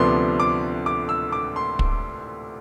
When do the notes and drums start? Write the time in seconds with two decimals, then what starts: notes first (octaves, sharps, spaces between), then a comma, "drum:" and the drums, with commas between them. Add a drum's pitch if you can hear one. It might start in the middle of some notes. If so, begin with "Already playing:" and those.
Already playing: D2 C3 F3 B3 D4 C6
0.40 D6
0.86 D6
1.09 E6
1.32 D6
1.56 C6
1.79 drum: kick